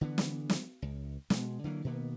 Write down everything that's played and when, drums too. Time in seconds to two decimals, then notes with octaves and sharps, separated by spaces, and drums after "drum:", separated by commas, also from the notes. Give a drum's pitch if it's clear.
0.01 D3 E3 B3
0.18 drum: snare
0.49 drum: snare
0.82 C#2
1.30 B2 G#3, drum: snare
1.64 D3 E3 F#3 A#3
1.84 B2 D#3 A#3 B3